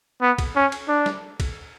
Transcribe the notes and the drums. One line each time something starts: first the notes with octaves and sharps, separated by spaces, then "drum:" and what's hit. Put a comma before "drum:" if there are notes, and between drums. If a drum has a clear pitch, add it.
B3
drum: kick, cymbal
C#4
drum: cymbal
D4
drum: snare
drum: kick, cymbal